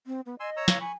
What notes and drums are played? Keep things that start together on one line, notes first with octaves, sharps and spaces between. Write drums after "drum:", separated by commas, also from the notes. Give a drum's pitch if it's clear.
C4
B3
D#5 G#5 C6 E6
C#5 A#5 E6
F5, drum: snare
G#5 B5 C#6